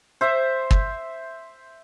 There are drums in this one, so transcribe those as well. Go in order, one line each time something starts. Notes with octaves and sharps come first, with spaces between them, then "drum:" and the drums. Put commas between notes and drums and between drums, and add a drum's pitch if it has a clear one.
C5 E5
drum: kick